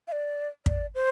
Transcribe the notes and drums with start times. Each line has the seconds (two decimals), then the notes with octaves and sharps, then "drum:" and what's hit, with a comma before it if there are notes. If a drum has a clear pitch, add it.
0.08 F5
0.12 D5
0.66 D5, drum: kick
0.95 C5